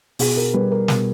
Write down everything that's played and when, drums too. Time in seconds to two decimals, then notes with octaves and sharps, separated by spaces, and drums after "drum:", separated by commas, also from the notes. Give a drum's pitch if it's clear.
0.19 B2 G#4, drum: open hi-hat
0.37 A#4
0.54 G3 B4
0.72 A#4
0.88 B2, drum: snare